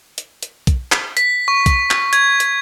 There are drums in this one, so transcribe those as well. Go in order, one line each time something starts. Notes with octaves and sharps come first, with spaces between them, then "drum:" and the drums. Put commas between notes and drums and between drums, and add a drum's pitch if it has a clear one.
drum: hi-hat
drum: hi-hat
drum: kick, hi-hat
drum: clap
B6, drum: hi-hat
C#6
drum: kick, hi-hat
drum: clap
G#6, drum: hi-hat
drum: hi-hat